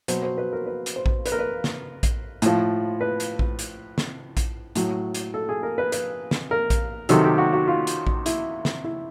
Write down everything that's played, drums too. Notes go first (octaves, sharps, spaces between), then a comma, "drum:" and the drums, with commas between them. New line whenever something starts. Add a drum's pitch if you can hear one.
B2 F#3 C5, drum: hi-hat
C5
B4
A#4
B4
drum: hi-hat
C5
drum: kick A#1
B4, drum: hi-hat
A#4
B4
drum: snare
drum: kick A#1, hi-hat
A2 F3, drum: hi-hat
B4
drum: hi-hat
drum: kick A#1
drum: hi-hat
drum: snare
drum: kick A#1, hi-hat
A2 F#3, drum: hi-hat
drum: hi-hat
A4
G#4
A#4
B4
B4, drum: hi-hat
drum: snare
A#4
drum: kick A#1, hi-hat
C3 D#3 F#3 A4, drum: hi-hat
G4
F#4
F#4
F4
drum: hi-hat
drum: kick A#1
E4, drum: hi-hat
drum: snare
E4